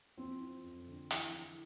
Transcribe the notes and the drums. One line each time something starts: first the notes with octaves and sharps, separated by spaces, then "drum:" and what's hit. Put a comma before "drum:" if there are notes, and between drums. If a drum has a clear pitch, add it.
F3 C4
F3
F2
D3
E3, drum: hi-hat
E3